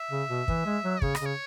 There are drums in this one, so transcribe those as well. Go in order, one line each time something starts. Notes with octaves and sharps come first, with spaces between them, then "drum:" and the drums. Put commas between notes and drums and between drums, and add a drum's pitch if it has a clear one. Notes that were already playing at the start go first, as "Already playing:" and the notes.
Already playing: E5
C#3
B2
E3, drum: kick
G#3
F#3
C#3 C#5, drum: kick
D#5, drum: rim click
C#3
C#5